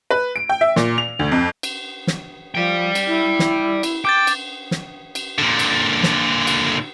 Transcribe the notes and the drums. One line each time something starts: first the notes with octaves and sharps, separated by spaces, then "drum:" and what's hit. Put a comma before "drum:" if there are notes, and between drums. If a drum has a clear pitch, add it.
B4
D7
G5
E5
A#2, drum: snare
F7
D2
F2
drum: cymbal
drum: snare
F3 D5 G5
drum: cymbal
E4
drum: snare
drum: cymbal
G5 D6 G6 A6
drum: cymbal
drum: snare
drum: cymbal
A#2 D3
drum: cymbal
drum: snare
drum: cymbal